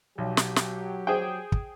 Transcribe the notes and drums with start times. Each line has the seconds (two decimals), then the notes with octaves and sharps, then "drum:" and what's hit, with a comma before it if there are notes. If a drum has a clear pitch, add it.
0.18 B1 F#3 G4
0.37 drum: snare
0.56 drum: snare
1.07 G#4 C5 G5
1.52 drum: kick